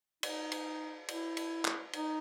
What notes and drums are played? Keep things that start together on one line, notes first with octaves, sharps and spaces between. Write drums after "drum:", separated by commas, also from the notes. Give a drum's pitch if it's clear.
D#4, drum: cymbal
drum: cymbal
E4, drum: cymbal
drum: cymbal
drum: clap
D#4, drum: cymbal